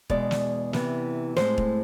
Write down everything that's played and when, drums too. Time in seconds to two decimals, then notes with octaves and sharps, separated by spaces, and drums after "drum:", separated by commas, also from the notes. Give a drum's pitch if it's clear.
0.10 E2 B2 G#3 D5, drum: kick
0.31 drum: snare
0.73 C3 E3 B3, drum: snare
1.36 A2 G#3 C4 C5, drum: snare
1.58 drum: kick